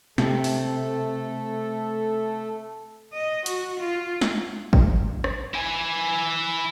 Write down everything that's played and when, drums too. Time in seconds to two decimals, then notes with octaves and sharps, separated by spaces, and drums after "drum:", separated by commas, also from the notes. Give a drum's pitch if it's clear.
0.18 C3 A3 A4, drum: snare
0.44 drum: open hi-hat
3.13 D#5
3.46 F#4, drum: hi-hat
3.80 F4
4.21 drum: snare
4.73 drum: kick G#1
5.24 drum: rim click
5.54 E4 G#5